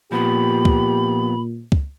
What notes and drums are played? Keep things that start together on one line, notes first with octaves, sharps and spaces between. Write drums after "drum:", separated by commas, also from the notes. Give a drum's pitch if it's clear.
A#2 F3 B3 G4 B5
drum: kick C#2
drum: kick C#2